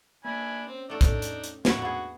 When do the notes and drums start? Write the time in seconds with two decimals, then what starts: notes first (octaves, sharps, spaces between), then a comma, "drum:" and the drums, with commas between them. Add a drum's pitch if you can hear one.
0.25 A#3 D4 G#5 B5
0.67 C4 C#4
0.90 A3 D4 D#4 A4
1.01 drum: kick, hi-hat
1.22 drum: hi-hat
1.44 drum: hi-hat
1.65 A#2 D3 E4 F#4 A#5, drum: snare
1.82 B3 G#4